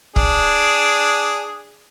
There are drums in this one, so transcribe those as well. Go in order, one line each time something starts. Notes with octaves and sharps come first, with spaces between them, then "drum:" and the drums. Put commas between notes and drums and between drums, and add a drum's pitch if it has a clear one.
D4 G#4, drum: kick